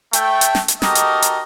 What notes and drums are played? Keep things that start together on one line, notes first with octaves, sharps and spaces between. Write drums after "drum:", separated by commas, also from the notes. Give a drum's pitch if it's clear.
A3 G5, drum: hi-hat
drum: hi-hat
drum: snare
drum: hi-hat
D#4 F#4 G4 A4 A#4 D#5, drum: snare
drum: hi-hat
drum: hi-hat